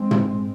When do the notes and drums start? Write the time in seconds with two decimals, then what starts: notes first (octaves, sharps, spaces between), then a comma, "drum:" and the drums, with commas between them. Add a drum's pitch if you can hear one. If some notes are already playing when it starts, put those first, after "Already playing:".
Already playing: G#3 C4
0.11 drum: tom